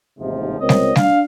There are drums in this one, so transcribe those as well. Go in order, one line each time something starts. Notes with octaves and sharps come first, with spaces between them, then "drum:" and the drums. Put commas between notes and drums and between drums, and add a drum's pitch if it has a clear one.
A1 D#2 G#2 C3 F3
C#2 C4 A#4 C#5 D#5
drum: snare G3
D4 F5, drum: snare G3